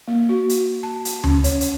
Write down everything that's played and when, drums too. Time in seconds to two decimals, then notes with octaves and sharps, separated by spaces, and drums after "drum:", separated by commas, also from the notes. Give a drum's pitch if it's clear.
0.08 A#3
0.29 F#4
0.49 drum: hi-hat
0.83 A5
1.05 drum: hi-hat
1.24 C#4, drum: tom D2
1.44 C#5, drum: hi-hat
1.61 drum: hi-hat